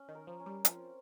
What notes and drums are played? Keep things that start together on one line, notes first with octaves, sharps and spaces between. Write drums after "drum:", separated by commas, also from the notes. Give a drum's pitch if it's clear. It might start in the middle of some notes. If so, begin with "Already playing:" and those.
Already playing: C#4
D#3
A#4
F3
C#4
G3
F3 C4, drum: hi-hat